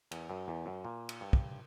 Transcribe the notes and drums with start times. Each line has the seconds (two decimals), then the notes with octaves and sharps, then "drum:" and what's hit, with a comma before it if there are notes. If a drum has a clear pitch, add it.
0.11 E2, drum: cymbal
0.30 F#2
0.48 E2
0.66 F#2
0.85 A#2
1.09 drum: cymbal
1.21 G2
1.33 drum: kick